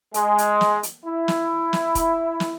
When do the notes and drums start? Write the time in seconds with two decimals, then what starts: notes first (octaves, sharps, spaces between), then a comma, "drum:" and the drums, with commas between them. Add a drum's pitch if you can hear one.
0.14 G#3, drum: hi-hat
0.38 drum: hi-hat
0.61 drum: snare
0.83 drum: hi-hat
1.06 E4
1.28 drum: snare
1.73 drum: snare
1.95 drum: kick, hi-hat
2.40 drum: snare